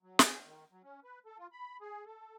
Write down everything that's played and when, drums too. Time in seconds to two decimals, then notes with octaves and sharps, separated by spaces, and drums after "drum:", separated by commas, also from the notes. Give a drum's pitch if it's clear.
0.03 F#3
0.19 G#4, drum: snare
0.45 D#3
0.72 F#3
0.84 C#4
1.04 B4
1.26 A4
1.38 F4
1.52 B5
1.81 G#4
2.06 A4